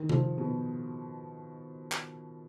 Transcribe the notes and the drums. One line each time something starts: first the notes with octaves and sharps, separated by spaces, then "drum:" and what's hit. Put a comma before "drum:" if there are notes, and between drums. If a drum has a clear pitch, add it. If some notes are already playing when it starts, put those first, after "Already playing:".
Already playing: D#3
F3, drum: tom C3
B2
drum: clap